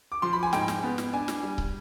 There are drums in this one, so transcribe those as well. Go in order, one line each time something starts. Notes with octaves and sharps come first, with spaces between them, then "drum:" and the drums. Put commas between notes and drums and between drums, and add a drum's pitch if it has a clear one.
D6
F3 C6
B5
G#5
G#2 G5, drum: snare
drum: snare
B3
drum: snare
D4 G#5
drum: snare
G3
drum: kick